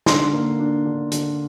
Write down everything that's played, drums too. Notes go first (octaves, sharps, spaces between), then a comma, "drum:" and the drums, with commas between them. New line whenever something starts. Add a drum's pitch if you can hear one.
D3 C6, drum: snare
A#3
D4
D3
D3, drum: hi-hat